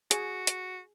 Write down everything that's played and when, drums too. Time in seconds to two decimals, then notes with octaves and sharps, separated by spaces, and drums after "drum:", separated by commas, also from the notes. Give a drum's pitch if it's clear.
0.11 F#4 G#4, drum: hi-hat
0.47 drum: hi-hat